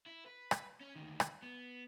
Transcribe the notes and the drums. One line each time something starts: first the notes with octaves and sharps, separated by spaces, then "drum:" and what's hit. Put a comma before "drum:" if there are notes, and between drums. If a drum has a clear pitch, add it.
E4
B4
drum: rim click
C#4
D2 D#3
drum: rim click
B3